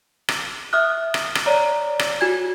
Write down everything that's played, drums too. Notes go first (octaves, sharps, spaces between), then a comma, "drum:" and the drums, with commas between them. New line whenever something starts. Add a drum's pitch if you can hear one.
drum: rim click
E5 D#6 F6 F#6
drum: rim click
drum: rim click
C#5 D5 A#5
drum: rim click
F#4 G#5 G#6